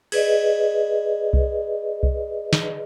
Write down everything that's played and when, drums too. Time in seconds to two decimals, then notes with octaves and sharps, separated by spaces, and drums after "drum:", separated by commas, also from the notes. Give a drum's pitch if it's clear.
0.12 G#4 B4 D5 D#5, drum: cymbal
1.33 drum: kick C2
2.03 drum: kick C2
2.53 drum: snare